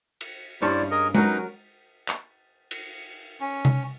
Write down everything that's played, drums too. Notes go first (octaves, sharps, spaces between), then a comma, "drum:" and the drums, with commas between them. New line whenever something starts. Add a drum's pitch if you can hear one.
drum: cymbal
G2 C#4 E4 C5 D5 F5
G#4 A#4 D#5
F#3 C#4 D#4 A#4 B4, drum: tom G#3
drum: clap
drum: cymbal
C#4
drum: tom C3